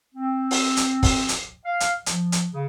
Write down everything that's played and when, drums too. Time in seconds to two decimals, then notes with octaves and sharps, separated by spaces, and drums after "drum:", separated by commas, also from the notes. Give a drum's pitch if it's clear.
0.15 C4
0.51 drum: open hi-hat
0.77 drum: hi-hat
1.03 drum: kick, open hi-hat
1.29 drum: hi-hat
1.65 F5
1.80 drum: hi-hat
2.06 F3, drum: hi-hat
2.32 drum: hi-hat
2.52 C#3